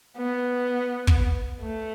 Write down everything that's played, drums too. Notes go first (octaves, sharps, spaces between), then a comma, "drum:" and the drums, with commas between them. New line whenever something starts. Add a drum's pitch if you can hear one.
B3
drum: kick
A3